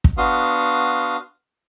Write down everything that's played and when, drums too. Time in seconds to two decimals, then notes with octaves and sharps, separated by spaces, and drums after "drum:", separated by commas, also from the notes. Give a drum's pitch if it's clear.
0.04 drum: kick
0.18 B3 D4 F#4 F5 C6 D#6